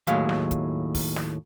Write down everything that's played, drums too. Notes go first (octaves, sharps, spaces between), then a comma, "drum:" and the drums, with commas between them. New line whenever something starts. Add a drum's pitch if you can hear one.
D#2 A2 F#3 G#3 F5, drum: hi-hat
drum: snare
drum: kick, hi-hat
drum: kick, open hi-hat
drum: snare